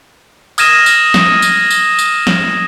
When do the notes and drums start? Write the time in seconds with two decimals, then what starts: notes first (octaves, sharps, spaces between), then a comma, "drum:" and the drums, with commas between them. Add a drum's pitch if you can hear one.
0.58 D#6 F6 G#6 A#6 D#7 E7, drum: tambourine
0.86 drum: tambourine
1.14 drum: snare
1.42 drum: tambourine
1.70 drum: tambourine
1.99 drum: tambourine
2.27 drum: snare